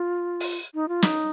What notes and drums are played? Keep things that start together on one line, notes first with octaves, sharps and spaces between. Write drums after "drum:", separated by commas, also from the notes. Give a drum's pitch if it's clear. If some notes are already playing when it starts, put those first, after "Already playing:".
Already playing: F4
drum: open hi-hat
D#4
F4
D#4, drum: snare